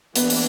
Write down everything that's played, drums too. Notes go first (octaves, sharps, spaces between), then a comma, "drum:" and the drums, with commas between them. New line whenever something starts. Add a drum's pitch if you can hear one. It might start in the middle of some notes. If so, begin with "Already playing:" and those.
E3 A#3 B3 D4, drum: hi-hat
drum: open hi-hat